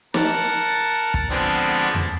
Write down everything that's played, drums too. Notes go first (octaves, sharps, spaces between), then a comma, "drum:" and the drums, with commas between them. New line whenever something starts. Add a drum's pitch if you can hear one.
A#4 F#5 A5, drum: snare
drum: kick
D3 F3 G#3 B3 C4 D4, drum: hi-hat
drum: tom E2